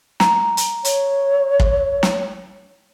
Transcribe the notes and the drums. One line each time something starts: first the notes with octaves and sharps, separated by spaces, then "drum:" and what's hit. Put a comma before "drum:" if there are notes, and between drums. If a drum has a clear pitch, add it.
A#5, drum: snare
drum: hi-hat
C#5, drum: hi-hat
drum: kick
drum: snare